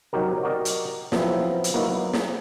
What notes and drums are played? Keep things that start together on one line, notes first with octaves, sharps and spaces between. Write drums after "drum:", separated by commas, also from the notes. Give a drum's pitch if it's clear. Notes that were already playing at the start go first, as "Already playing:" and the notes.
F#3 C4 D#4 F#4 G4 A#4
F#4 G4 A#4 D5 D#5
drum: hi-hat
F3 F#3 B3 C4 E4, drum: snare
drum: hi-hat
F#3 A#3 B3 D#4 E4 F#4
F#3 B3
drum: snare